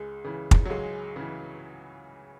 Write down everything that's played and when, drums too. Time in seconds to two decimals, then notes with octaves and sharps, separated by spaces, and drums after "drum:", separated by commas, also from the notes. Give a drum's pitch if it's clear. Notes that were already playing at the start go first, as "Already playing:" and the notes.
Already playing: C#2 G#3
0.24 C#3 E3
0.51 drum: kick
0.65 F#3
0.69 C#2 G#3
1.16 C#3 E3